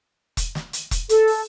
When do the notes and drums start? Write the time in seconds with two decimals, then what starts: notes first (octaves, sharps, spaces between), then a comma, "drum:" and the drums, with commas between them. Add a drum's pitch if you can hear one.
0.37 drum: kick E1, hi-hat
0.55 drum: snare
0.73 drum: hi-hat
0.91 drum: kick E1, hi-hat
1.09 A4, drum: hi-hat
1.27 drum: open hi-hat